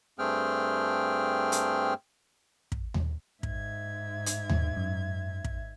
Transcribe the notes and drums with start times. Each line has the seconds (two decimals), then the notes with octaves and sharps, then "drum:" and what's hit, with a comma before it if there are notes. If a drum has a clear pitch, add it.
0.19 G2 A3 C4 G#4 G5 F6
1.52 drum: hi-hat
2.72 drum: kick
2.94 drum: tom D#2
3.43 G#2 E5 G#6, drum: kick
4.26 drum: hi-hat
4.49 drum: tom D#2
4.77 F#2
5.44 drum: kick